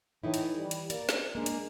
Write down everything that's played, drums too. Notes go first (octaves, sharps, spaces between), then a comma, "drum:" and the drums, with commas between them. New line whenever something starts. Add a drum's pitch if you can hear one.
A2 E3 D#4 E4
drum: hi-hat
G3
drum: hi-hat
A#3 D5, drum: hi-hat
drum: snare
G#3 A#3 D4
drum: hi-hat